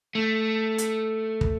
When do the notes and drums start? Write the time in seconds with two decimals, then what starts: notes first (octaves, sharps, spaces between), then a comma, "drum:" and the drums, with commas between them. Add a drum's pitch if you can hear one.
0.15 A3
0.78 drum: hi-hat
1.41 drum: kick